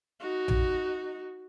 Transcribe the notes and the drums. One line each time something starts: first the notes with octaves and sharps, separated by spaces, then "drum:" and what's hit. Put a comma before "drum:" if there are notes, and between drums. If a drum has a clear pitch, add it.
D#4 F#4
drum: tom A#1